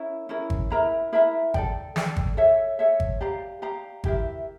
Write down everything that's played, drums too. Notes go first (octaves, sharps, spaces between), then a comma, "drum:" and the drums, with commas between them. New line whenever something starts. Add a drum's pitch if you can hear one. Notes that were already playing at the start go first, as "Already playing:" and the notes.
Already playing: C#4 E4 A#4
C#4 E4 A#4
drum: kick G#1
E4 A#4 E5 A#5
E4 A#4 E5 A#5
A4 D5 G5, drum: kick G#1
A4 D5 G5, drum: snare
drum: kick G#1
A4 C#5 E5
A4 C#5 E5
drum: kick G#1
G4 D5 F5 A#5
G4 D5 F5 A#5
E4 G4 A#4 E5, drum: kick G#1